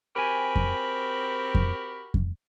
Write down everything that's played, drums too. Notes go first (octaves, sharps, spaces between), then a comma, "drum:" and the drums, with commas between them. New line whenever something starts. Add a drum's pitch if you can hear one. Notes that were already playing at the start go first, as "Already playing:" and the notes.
C4 F#4 G4 A#4 G5 G#5 B5
drum: kick F2
drum: kick F2
drum: kick F2